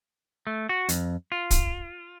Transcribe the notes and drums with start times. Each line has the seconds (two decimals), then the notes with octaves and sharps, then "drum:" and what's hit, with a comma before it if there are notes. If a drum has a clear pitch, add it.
0.47 A3
0.69 F#4
0.89 F2, drum: hi-hat
1.32 F4
1.51 drum: kick, hi-hat